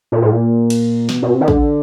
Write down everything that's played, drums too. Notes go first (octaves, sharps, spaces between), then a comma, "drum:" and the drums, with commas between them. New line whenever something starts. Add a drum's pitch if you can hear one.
A#2
A2
A#2
drum: cymbal
B2, drum: snare
B2
C3
D#3
D3, drum: kick